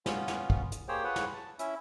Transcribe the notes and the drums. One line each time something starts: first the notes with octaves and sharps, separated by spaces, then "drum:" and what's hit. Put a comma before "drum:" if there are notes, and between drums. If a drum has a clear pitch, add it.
B3 C#4 F4, drum: snare
drum: snare
drum: kick
drum: hi-hat
A#3 G4 G#4 C5 C#5 G5
F4 G#4 B4 C#5 F#5
drum: snare
A5
C#4 E4 E5, drum: hi-hat